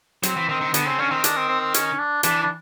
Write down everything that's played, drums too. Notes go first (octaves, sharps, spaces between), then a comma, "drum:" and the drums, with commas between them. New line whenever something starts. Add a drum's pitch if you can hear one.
F#3 C4, drum: hi-hat
E3
D#3 C4
D#3
D3 B3, drum: hi-hat
C#3 C4
D3 C#4
D#3 C4
D4, drum: hi-hat
C4
C4
C4
C#4, drum: hi-hat
D4
E3 D4, drum: hi-hat
D4